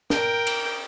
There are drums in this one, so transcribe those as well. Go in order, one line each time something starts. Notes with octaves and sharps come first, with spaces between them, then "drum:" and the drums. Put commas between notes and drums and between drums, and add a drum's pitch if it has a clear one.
A#4 G5, drum: snare
drum: cymbal